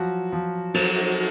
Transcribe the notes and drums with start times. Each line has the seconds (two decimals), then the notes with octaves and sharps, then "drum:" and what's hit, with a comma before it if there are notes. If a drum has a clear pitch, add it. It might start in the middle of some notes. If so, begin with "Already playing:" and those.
Already playing: F3 F#3 F#4
0.32 F3
0.74 F#3, drum: cymbal